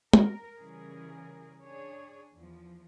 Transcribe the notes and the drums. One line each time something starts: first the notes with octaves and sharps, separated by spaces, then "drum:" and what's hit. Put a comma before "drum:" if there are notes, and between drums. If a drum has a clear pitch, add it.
A#4, drum: tom
C#3 E3 G3 C#4 G#4 A#4
D4 G#4 C#5
E2 F3